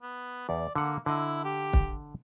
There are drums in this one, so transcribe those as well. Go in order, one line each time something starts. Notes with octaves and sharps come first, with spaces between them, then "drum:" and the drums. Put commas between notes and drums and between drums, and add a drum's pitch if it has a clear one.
B3
E2 D5
D3 A#3 F#5
D3 E4 D#5
G4
drum: kick